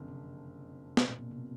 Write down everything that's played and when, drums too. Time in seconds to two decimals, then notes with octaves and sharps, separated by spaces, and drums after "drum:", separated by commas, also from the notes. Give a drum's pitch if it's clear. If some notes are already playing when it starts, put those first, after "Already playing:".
Already playing: F#1 F2 D3
0.08 C3
0.97 B2, drum: snare
1.08 A#2
1.20 B2
1.31 C3